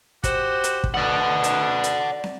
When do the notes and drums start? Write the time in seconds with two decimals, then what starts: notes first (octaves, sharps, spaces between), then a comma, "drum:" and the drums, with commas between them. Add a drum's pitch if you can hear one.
0.24 F#4 G4 C5, drum: kick, hi-hat
0.64 drum: hi-hat
0.84 drum: kick
0.94 D2 B2 D4 D5 F#5
1.44 drum: hi-hat
1.84 drum: hi-hat
2.24 drum: snare